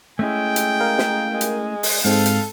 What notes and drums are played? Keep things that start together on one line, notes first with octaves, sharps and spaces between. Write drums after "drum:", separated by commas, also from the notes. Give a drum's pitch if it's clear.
G#3 A3 C#4 E4 G5
drum: hi-hat
A#4 F5
drum: snare
G#3
drum: hi-hat
drum: open hi-hat
G#2 G#3 C4 A4 F5
drum: hi-hat